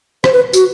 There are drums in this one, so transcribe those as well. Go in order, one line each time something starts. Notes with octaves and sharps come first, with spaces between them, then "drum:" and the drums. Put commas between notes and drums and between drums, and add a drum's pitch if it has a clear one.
C5, drum: rim click
B4
F#4, drum: tambourine